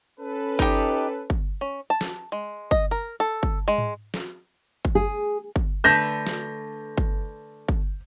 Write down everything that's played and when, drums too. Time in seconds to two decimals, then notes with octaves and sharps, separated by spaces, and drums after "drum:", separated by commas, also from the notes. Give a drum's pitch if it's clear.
0.20 C#4 A4 B4
0.59 D#4 G4, drum: kick G1
1.30 drum: kick G1
1.61 C#4
1.90 A5
2.01 drum: snare
2.32 G#3
2.71 D#5, drum: kick G1
2.91 A#4
3.20 A4
3.43 drum: kick G1
3.68 G#3
3.78 drum: tom G#2
4.14 drum: snare
4.85 drum: kick G1
4.95 G#4
5.56 drum: kick G1
5.84 D3 A3 B4 G6 A#6
6.27 drum: snare
6.98 drum: kick G1
7.69 drum: kick G1